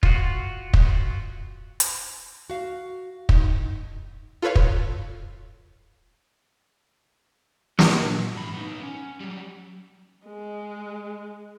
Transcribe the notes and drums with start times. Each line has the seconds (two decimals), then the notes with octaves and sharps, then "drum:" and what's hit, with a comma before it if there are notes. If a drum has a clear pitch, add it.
0.03 F4 F#4, drum: kick
0.73 drum: kick
1.80 drum: hi-hat
2.50 F#4 F5
3.29 A2 D#4, drum: kick
4.42 F4 A4 B4 C#5 F5
4.56 drum: kick
7.79 F#3, drum: snare
8.02 A#2
8.34 G#2 B5
8.54 B3 D#4
8.82 C#4
9.20 F#3 G3
10.26 G#3